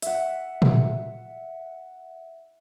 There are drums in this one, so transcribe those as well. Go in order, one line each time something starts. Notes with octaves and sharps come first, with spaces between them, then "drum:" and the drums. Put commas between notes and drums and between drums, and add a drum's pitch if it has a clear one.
E5 F#5, drum: hi-hat
drum: tom A#2